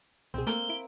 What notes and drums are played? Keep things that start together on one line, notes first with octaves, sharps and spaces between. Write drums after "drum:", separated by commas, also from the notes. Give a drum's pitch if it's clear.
C2 B2 C4 G#4
A3 A#3 G7, drum: hi-hat
E4 D7